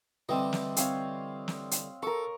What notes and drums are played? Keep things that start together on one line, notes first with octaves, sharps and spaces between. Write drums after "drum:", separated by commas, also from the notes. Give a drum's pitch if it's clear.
D3 E3 G3 C4 D#5
drum: snare
C4 C#5 F5, drum: hi-hat
drum: snare
drum: hi-hat
A4 A#4 C#6